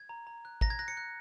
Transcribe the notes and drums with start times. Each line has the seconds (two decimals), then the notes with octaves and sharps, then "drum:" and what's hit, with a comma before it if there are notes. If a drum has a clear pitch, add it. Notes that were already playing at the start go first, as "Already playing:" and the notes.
Already playing: G#6
0.09 A#5
0.27 A#5
0.45 F#6
0.61 A#5 A#6, drum: kick
0.70 G#6
0.79 F#6 A#6
0.88 C#7
0.97 F#6